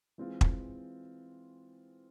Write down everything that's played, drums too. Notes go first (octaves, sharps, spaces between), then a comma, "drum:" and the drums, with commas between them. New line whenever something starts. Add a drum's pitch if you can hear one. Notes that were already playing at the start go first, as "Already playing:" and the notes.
E3 G#3 C4 F4
drum: kick